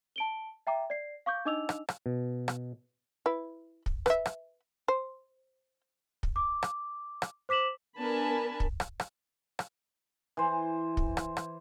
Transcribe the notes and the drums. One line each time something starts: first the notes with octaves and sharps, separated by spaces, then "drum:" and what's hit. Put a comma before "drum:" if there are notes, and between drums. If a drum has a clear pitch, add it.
A5 D7 G7
E5 G5 A#5 D6
D5 C7
F5 C#6 D6 G6
D4 D#4 D#5 D6 E6 F7
drum: rim click
drum: rim click
B2
drum: rim click
E4 B4
drum: kick
B4 E5, drum: rim click
drum: rim click
C5
drum: kick
D6
drum: rim click
drum: rim click
C5 D6 B6 E7 F#7
B3 D4 A#4 G#5 A5 B5
drum: kick
drum: rim click
drum: rim click
drum: rim click
E3 C5
drum: kick
drum: rim click
drum: rim click